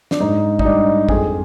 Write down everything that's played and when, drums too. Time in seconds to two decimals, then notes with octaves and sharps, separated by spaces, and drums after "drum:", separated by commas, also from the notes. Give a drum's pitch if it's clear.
0.11 D4, drum: snare
0.20 G#2 D#4
0.59 D#4, drum: kick
0.65 G3 D4
1.09 F2 G#4, drum: kick